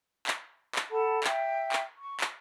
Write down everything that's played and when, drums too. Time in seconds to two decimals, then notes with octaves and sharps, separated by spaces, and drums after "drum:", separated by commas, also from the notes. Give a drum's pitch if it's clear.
0.27 drum: clap
0.75 drum: clap
0.91 A4 F#5 A5 B5
1.24 E5 G5, drum: clap
1.72 drum: clap
1.98 C#6
2.21 drum: clap